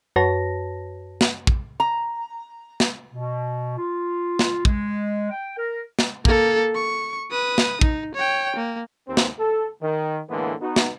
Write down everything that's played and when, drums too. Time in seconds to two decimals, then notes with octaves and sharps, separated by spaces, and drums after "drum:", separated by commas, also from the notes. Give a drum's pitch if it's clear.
0.16 F#2 F#4 B4 C#5 A5 A#6
1.21 drum: snare
1.47 drum: kick
1.80 A#5
2.80 drum: snare
3.12 B2
3.77 F4
4.39 drum: snare
4.65 G#3, drum: kick
5.31 G5
5.57 A#4
5.99 drum: snare
6.25 A#3 A4, drum: kick
6.75 C#6
7.31 B4 D#6
7.58 drum: snare
7.81 D#4, drum: kick
8.15 C#5 G5
8.56 A#3
9.08 D#2 C4
9.17 drum: snare
9.40 A4
9.82 D#3
10.30 A2 D3 E3 G#3 A#3 B3
10.62 B3 D#4 F#4
10.76 drum: snare